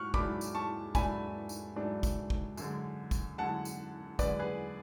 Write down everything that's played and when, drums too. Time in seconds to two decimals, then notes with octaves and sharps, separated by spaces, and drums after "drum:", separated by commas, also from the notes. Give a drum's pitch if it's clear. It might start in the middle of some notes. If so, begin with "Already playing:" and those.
Already playing: G#2 F#3 C#6 F6 F#6
0.14 G#2 F#3 A3 D4 B5 D6, drum: kick
0.41 drum: tambourine
0.55 A5 C#6
0.95 G#2 F#3 A3 D4 G#5 B5, drum: kick, tambourine
1.49 drum: tambourine
1.76 G#2 F#3 A3 D4
2.03 drum: kick, tambourine
2.30 drum: kick
2.57 F#2 D3 G#3, drum: tambourine
3.11 drum: kick, tambourine
3.38 F#2 D3 G#3 F#5 A5
3.65 drum: tambourine
4.19 F#2 D3 G#3 B4 D5, drum: kick, tambourine
4.39 G#4 B4